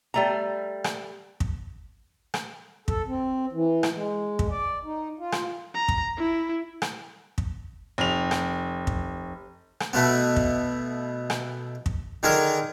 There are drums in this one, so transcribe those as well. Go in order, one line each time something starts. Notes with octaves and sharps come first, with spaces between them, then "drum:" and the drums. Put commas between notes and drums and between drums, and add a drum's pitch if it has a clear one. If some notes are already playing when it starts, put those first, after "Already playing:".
G3 A3 A#5
drum: rim click
drum: kick
drum: rim click
A4, drum: kick
C4
E3
drum: rim click
G#3
drum: kick
D5
D#4
F4
drum: rim click
A#5
drum: kick
E4
drum: rim click
drum: kick
F1 F7
drum: rim click
drum: kick
drum: rim click
B2 A3 B3
drum: kick
drum: rim click
drum: kick
D3 D#3 G#4 A#4